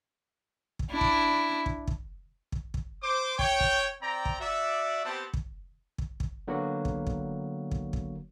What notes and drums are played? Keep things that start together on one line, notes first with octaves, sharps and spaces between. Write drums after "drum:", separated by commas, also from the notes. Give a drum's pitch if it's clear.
drum: kick
D4 E4
drum: kick
drum: kick
drum: kick
drum: kick
drum: kick
C5 D6
C#5 G5, drum: kick
drum: kick
C4 D5 G5 A#5
drum: kick
F#4 D5 E5
B3 C4 G4 C5 F#5 A5
drum: kick
drum: kick
drum: kick
D3 F#3 A#3 B3 F#4
drum: kick
drum: kick
drum: kick
drum: kick